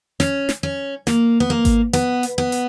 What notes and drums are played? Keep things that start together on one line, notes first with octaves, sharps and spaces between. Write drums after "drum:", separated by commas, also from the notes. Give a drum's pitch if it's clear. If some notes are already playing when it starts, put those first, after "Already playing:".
C#4, drum: snare
drum: snare
C#4
A#3, drum: snare
B3
A#3
drum: kick G#1, hi-hat
B3, drum: hi-hat
drum: hi-hat
B3
drum: hi-hat